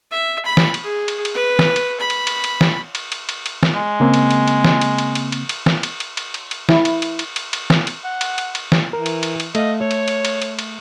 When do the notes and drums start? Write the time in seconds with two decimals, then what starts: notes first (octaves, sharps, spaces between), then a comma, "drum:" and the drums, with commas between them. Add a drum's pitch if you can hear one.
0.11 E5
0.46 B5
0.57 drum: snare
0.74 drum: cymbal
0.83 G#4
1.08 drum: cymbal
1.25 drum: cymbal
1.34 B4
1.59 drum: snare
1.76 drum: cymbal
2.00 B5
2.10 drum: cymbal
2.27 drum: cymbal
2.44 drum: cymbal
2.61 drum: snare
2.95 drum: cymbal
3.12 drum: cymbal
3.29 drum: cymbal
3.46 drum: cymbal
3.63 drum: snare
3.75 G#3
4.00 C#3 A#3 C4
4.14 drum: cymbal
4.31 drum: cymbal
4.48 drum: cymbal
4.64 drum: snare
4.81 drum: cymbal
4.98 drum: cymbal
5.15 drum: cymbal
5.32 drum: cymbal
5.49 drum: cymbal
5.66 drum: snare
5.83 drum: cymbal
6.00 drum: cymbal
6.17 drum: cymbal
6.34 drum: cymbal
6.51 drum: cymbal
6.69 E4, drum: snare
6.85 drum: cymbal
7.02 drum: cymbal
7.19 drum: cymbal
7.36 drum: cymbal
7.53 drum: cymbal
7.70 drum: snare
7.87 drum: cymbal
8.04 F#5
8.21 drum: cymbal
8.38 drum: cymbal
8.55 drum: cymbal
8.72 drum: snare
8.93 E3 A#4
9.06 drum: cymbal
9.23 drum: cymbal
9.40 drum: cymbal
9.55 A3 D#5 F5, drum: cymbal
9.81 A3 C#5
9.91 drum: cymbal
10.08 drum: cymbal
10.25 drum: cymbal
10.42 drum: cymbal
10.59 drum: cymbal